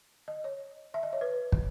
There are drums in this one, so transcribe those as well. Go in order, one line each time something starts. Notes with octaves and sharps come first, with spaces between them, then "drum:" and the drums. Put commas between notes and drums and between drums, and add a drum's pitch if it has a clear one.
D#5
C#5
E5
D#5
C#5
B4
drum: kick